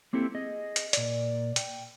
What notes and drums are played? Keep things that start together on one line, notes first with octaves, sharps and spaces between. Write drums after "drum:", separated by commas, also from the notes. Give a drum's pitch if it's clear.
A#3 C4 E4 G4 A4
G#4 D#5
drum: hi-hat
A#2 D5, drum: hi-hat
G5, drum: hi-hat